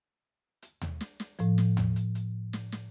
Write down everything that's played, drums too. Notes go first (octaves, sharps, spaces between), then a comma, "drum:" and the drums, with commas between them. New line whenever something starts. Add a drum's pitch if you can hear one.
drum: hi-hat
drum: tom D#2
drum: snare
drum: snare
A2 F3, drum: hi-hat
drum: snare
drum: tom D#2
drum: hi-hat
drum: hi-hat
drum: snare
drum: snare